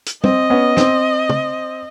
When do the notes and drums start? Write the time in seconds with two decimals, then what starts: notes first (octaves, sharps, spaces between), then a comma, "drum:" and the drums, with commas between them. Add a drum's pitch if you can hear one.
0.06 drum: hi-hat
0.24 C4 D#5, drum: tom
0.50 B3 C#4
0.77 C4, drum: snare
1.29 drum: tom